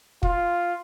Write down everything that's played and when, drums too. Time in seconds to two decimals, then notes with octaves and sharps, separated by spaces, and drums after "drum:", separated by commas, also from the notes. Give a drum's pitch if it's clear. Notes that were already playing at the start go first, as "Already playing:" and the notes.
0.23 F4, drum: kick